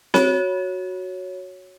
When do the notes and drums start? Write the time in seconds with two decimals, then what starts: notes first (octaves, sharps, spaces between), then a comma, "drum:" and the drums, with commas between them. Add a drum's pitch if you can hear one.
0.14 F#4 C#5, drum: snare C4